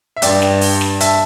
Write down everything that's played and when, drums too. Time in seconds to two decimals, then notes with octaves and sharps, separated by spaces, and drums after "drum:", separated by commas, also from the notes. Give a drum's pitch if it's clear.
0.16 E5
0.22 G2 D5 G5, drum: hi-hat
0.42 drum: snare
0.61 drum: open hi-hat
0.81 drum: snare
1.00 E5 A5, drum: hi-hat